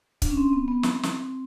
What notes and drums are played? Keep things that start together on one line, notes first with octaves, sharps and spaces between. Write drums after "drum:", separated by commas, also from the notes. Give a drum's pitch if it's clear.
D4, drum: kick C#1, hi-hat
C#4
C4
B3
B3
C4, drum: snare
drum: snare